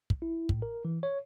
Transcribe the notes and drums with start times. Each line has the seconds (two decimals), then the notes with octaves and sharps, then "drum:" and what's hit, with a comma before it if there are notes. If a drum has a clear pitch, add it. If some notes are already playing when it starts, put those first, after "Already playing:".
0.10 drum: kick
0.22 E4
0.49 A2, drum: kick
0.62 A#4
0.85 E3
1.03 C#5